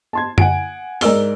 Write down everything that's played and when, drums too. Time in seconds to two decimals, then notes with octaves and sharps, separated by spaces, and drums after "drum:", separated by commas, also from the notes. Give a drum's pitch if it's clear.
0.13 A5 C6 G#6
0.38 F#5 G#5 D7, drum: tom F#2
1.01 G#2 A#4 D5 E6 G7, drum: open hi-hat